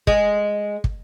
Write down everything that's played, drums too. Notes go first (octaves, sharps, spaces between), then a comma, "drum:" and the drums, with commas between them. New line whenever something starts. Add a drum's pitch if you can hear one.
G#3, drum: kick
drum: kick